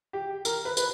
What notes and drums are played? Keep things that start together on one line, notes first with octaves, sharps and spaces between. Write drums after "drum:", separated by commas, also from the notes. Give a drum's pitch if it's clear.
G4
A#4, drum: tambourine
B4
B4, drum: tambourine